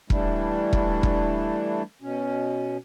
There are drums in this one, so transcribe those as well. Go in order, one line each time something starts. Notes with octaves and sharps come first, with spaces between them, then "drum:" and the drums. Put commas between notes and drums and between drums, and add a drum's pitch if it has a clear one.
E3 G3 A3 D4 E4, drum: kick E1
drum: kick E1
drum: kick E1
B2 C#4